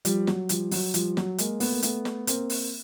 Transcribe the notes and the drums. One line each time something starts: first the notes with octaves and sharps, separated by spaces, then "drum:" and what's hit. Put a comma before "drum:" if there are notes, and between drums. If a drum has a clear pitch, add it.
F3 G3, drum: hi-hat
F#3, drum: snare
F3 G3, drum: hi-hat
F#3, drum: open hi-hat
F3 G3, drum: hi-hat
F#3, drum: snare
G#3 A#3, drum: hi-hat
A3 B3, drum: open hi-hat
A#3
A3 B3, drum: hi-hat
drum: snare
A#3 C4, drum: hi-hat
drum: open hi-hat